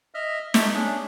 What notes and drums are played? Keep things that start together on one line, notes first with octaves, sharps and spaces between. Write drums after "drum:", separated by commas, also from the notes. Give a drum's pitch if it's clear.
D#5 E5 F6
A3 D#4 E5, drum: snare
C#4 D4 G#4